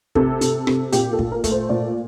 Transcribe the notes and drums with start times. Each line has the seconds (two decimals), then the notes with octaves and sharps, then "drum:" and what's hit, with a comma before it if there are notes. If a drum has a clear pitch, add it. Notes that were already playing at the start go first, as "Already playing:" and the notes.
0.15 C3 A4, drum: kick
0.41 C3, drum: hi-hat
0.67 C3, drum: rim click
0.92 A#2 G4, drum: hi-hat
1.13 A4
1.19 A#2, drum: kick
1.32 A#4
1.44 A3, drum: kick, hi-hat
1.51 C5
1.69 A#2 D5